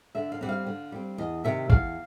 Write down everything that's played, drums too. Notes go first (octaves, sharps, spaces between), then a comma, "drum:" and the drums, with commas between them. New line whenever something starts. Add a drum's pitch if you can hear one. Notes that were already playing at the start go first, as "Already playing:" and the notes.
D3 E5
F5
G3 C4 F#5
F5
D3
G3 C4
E2 D#5
C3 D#3 E5
E2 F5, drum: kick G#1